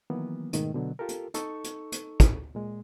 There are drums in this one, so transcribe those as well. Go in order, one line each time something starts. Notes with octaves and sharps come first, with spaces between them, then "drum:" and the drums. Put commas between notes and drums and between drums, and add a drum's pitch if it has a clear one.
D#3 E3 F#3 A#3 B3
G#2 B2 D#3 A3, drum: hi-hat
B2 D3 F#3
F4 G4 A4 A#4
drum: hi-hat
D#4 A4 C#6, drum: hi-hat
drum: hi-hat
drum: hi-hat
drum: kick, hi-hat
A#2 G#3